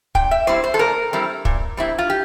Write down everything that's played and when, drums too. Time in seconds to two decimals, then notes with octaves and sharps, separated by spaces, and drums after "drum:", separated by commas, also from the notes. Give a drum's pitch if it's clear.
0.15 A#2 G5, drum: kick
0.31 E5
0.47 G3 C4 E4 C5
0.64 C5
0.74 A4
0.79 A#2 A#4
1.13 G3 C4 E4
1.45 A#2, drum: kick
1.77 G3 C4 E4
1.98 F4
2.10 G4